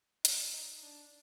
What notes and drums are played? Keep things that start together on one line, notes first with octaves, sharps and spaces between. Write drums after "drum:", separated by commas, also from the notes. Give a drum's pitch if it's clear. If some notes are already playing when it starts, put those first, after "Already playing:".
D#4, drum: hi-hat
D#4
D4